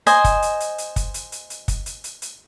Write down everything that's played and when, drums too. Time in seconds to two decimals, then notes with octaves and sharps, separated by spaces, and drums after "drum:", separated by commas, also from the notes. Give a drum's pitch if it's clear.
0.07 C5 D#5 G#5, drum: hi-hat
0.24 drum: kick, hi-hat
0.42 drum: hi-hat
0.60 drum: hi-hat
0.78 drum: hi-hat
0.96 drum: kick, hi-hat
1.14 drum: hi-hat
1.32 drum: hi-hat
1.50 drum: hi-hat
1.68 drum: kick, hi-hat
1.86 drum: hi-hat
2.04 drum: hi-hat
2.22 drum: hi-hat